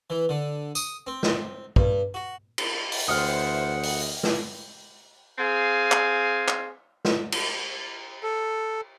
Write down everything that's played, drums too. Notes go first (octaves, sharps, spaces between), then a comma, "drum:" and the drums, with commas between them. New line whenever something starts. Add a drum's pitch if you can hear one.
E3
D3
D#6, drum: tambourine
C4
drum: snare
G2, drum: kick
F#4
drum: cymbal
drum: open hi-hat
D2 E3 C5 F#5 D#6 F6
drum: open hi-hat
drum: snare
C4 G#4 F5 G#5
drum: clap
drum: clap
drum: snare
drum: cymbal
A4